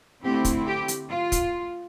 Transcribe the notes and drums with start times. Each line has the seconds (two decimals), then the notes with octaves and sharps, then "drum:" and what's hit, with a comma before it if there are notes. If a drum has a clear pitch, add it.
0.23 D3 A3 C4 E4 G4
0.45 drum: kick, hi-hat
0.67 G4
0.88 drum: hi-hat
1.10 F4
1.32 drum: kick, hi-hat